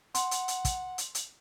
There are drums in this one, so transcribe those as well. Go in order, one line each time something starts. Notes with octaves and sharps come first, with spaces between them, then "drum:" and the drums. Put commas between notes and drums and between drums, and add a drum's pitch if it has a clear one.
F#5 C6, drum: hi-hat
drum: hi-hat
drum: hi-hat
drum: kick, hi-hat
drum: hi-hat
drum: hi-hat